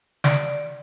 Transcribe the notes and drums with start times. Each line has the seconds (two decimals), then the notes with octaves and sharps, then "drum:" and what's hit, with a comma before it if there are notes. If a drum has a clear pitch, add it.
0.24 D5 D7, drum: snare